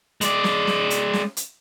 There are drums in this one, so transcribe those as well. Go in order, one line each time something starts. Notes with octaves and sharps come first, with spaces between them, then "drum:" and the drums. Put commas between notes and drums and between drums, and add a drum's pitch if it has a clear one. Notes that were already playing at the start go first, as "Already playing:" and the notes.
G#3 D5, drum: hi-hat
drum: snare
drum: snare
drum: hi-hat
drum: snare
drum: hi-hat